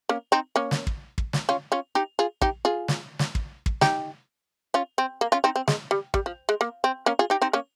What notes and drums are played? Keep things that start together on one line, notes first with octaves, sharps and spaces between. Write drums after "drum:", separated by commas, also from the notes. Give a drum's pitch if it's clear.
A#3 C#4
C4 D#4
A#3 C#4
drum: snare
drum: kick
drum: kick
drum: snare
C#4 F4
C#4 F4
D#4 G4
F4 G#4
D#4 G4, drum: kick
F4 G#4
drum: snare
drum: snare
drum: kick
drum: kick
D#4 G4, drum: snare
C#4 F4
C4
A#3
C#4 F4
C4 D#4
C4
G#3, drum: snare
G3
G3, drum: kick
F3
G#3
A#3
C4
A#3 C#4
F4 G#4
D#4 G4
C4 D#4
A#3 C#4